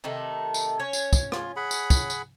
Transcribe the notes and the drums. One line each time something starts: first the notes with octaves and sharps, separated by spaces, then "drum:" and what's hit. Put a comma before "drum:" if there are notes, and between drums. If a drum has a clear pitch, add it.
C3 D#3 A3
drum: tambourine
C#4 C#5
drum: tambourine
drum: kick, tambourine
F4, drum: rim click
G#4 F#5 B5
drum: tambourine
drum: kick, tambourine
drum: tambourine